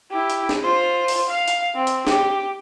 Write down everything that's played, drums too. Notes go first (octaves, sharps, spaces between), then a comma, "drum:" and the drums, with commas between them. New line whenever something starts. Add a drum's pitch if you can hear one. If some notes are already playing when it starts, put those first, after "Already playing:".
E4 G4
drum: hi-hat
drum: snare
F4 C5
drum: open hi-hat
F5
drum: hi-hat
C4
drum: hi-hat
G4, drum: snare